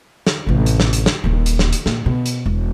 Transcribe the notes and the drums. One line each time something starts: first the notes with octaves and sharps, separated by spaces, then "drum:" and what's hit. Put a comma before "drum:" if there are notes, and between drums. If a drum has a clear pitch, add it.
drum: snare
A1 C3
drum: hi-hat
drum: snare
drum: hi-hat
drum: snare
D#1 D#2
drum: hi-hat
drum: snare
drum: hi-hat
A#2, drum: snare
B2
drum: hi-hat
E1